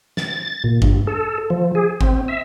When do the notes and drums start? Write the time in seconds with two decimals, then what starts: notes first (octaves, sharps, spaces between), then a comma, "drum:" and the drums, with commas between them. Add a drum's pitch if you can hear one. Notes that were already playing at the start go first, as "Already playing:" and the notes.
0.17 A6, drum: snare
0.64 A#2
0.82 G2, drum: kick G#1
1.07 A4
1.50 F3
1.75 G#4
2.01 C4, drum: kick G#1
2.28 E5